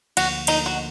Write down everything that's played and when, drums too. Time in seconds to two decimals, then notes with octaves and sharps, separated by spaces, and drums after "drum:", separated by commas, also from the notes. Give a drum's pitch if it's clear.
0.17 D2 D3 F3 A#3 F#4, drum: cymbal
0.47 D2 D3 F3 A#3 D#4, drum: cymbal
0.66 F#4